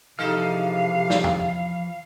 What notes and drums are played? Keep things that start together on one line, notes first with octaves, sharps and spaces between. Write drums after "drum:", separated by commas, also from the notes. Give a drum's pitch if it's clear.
C3 E3 F3 G#3 D#4 A4 F5 F6
drum: snare
drum: tom